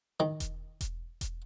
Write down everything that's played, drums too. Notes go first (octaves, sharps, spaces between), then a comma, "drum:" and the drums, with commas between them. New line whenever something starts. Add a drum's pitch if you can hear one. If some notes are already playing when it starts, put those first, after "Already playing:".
D#3
drum: kick E1, hi-hat
drum: kick E1, hi-hat
drum: kick E1, hi-hat